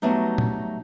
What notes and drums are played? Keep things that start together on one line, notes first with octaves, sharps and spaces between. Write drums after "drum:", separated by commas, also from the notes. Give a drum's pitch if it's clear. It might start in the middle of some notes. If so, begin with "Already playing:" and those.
F#3 G3 A3 B3 D#4
drum: tom